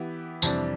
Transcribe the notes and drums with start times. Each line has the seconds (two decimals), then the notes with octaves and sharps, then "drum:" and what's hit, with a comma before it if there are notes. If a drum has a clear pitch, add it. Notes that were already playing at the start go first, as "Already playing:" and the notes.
Already playing: E3 B3 E4 G4
0.42 F2 C3 E3 G3 D4, drum: tambourine